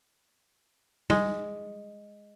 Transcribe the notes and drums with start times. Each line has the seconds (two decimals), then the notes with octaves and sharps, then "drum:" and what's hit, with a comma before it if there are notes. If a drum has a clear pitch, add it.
1.10 G#3, drum: tom